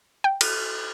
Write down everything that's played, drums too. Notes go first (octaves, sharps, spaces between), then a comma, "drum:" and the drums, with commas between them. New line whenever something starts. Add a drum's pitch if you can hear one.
G5
drum: cymbal